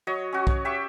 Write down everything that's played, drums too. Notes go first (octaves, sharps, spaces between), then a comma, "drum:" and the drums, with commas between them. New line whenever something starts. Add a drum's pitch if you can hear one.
F#3 C#5 D#5
C#4 F#4
C#5, drum: kick
G4 E5 C#6